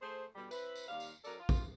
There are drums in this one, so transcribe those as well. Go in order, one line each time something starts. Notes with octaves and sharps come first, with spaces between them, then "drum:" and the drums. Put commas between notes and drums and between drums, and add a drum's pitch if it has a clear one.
A3 G#4 C5
B2 D3 G3
C4 E4 B4, drum: tambourine
drum: tambourine
D#2 G3 F5
drum: tambourine
F#3 C#4 A4 A#4 D5, drum: tambourine
F4
drum: kick, tambourine